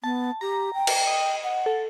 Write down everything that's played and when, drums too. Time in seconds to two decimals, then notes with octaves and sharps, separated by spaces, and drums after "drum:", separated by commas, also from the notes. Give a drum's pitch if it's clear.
0.04 B3 A5
0.41 G4 A#5
0.74 G5
0.87 drum: cymbal
1.07 D#5
1.43 F#5
1.66 A4